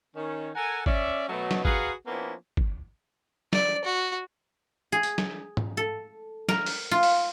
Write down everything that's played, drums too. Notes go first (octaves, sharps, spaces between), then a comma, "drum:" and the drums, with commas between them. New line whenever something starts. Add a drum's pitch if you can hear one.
D#3 C#4
A4 A#4 F#5 G#5
C#4 D5 E5, drum: kick
B2 F#3 A3
drum: snare
F#4 G#4 B4 F5 F#5 A#5, drum: kick
F3 A#3 B3 C#4 D4 E4
drum: kick
D5, drum: snare
F#4
G#4
drum: tambourine
drum: snare
drum: tom G#2
A4
A#4, drum: snare
drum: open hi-hat
F4
drum: open hi-hat